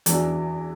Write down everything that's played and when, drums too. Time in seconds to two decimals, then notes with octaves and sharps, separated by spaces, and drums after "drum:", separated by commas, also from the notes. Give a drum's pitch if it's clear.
0.06 E2 E3 D4 F#4, drum: hi-hat